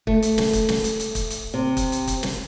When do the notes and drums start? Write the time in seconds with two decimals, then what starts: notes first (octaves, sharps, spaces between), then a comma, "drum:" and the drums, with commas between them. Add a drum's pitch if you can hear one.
0.07 A3, drum: kick
0.22 drum: hi-hat
0.38 drum: snare
0.53 drum: kick, hi-hat
0.69 drum: snare
0.84 drum: hi-hat
1.00 drum: hi-hat
1.15 drum: kick, hi-hat
1.30 drum: hi-hat
1.54 C3
1.77 drum: kick, hi-hat
1.92 drum: hi-hat
2.08 drum: kick, hi-hat
2.23 drum: snare